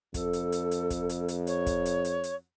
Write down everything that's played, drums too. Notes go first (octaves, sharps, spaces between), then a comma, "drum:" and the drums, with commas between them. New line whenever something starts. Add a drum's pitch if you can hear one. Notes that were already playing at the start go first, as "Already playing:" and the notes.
F2 A4, drum: kick, hi-hat
drum: hi-hat
drum: hi-hat
drum: hi-hat
drum: kick, hi-hat
drum: hi-hat
drum: hi-hat
C#5, drum: hi-hat
drum: kick, hi-hat
drum: hi-hat
drum: hi-hat
drum: hi-hat